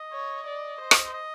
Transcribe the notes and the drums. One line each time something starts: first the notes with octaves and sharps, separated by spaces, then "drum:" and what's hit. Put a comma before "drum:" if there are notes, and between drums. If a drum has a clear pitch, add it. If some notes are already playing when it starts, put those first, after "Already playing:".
Already playing: D#5
C#5
D5
C5
drum: rim click
D#5